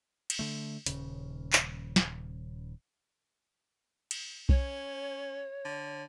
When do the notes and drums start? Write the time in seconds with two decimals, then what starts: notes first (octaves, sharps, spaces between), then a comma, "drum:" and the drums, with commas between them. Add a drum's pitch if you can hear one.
0.30 drum: cymbal
0.39 D3 A3
0.86 D#1 C#3, drum: hi-hat
1.53 drum: clap
1.96 drum: snare
4.11 drum: cymbal
4.49 C#4 C#5, drum: kick B1
5.65 D3